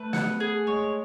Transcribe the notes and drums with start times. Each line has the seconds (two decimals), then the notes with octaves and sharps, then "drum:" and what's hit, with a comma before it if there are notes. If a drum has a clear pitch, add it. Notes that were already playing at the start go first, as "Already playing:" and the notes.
Already playing: A3 B4
0.13 F#5, drum: snare
0.40 G#4
0.67 G#3 C#5